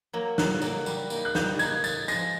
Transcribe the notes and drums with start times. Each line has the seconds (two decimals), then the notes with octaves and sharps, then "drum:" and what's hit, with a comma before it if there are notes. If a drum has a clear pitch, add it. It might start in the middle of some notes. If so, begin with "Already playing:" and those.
0.13 F#3 A#3
0.38 A2 F#6, drum: snare
0.62 F#3 A#3, drum: tambourine
0.86 G3, drum: tambourine
1.10 A#3, drum: tambourine
1.16 D#4
1.25 F#6
1.35 G3 G6, drum: snare
1.59 A#3 D#4 G#6, drum: tambourine
1.84 A2 A6, drum: tambourine
2.08 F3 G#3 A#6, drum: tambourine